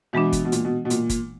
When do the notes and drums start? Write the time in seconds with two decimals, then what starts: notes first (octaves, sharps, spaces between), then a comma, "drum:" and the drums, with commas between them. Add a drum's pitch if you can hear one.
0.13 B2 E3 G#3 B3 D4
0.32 drum: kick, hi-hat
0.45 B2
0.52 A#2, drum: hi-hat
0.65 B2
0.85 B2
0.90 A#2, drum: hi-hat
1.09 drum: kick, hi-hat